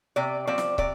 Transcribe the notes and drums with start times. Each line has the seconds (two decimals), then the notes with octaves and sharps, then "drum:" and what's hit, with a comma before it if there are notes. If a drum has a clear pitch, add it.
0.16 C3 D5
0.47 F3 C4 D5
0.58 drum: snare
0.78 C3 D5, drum: kick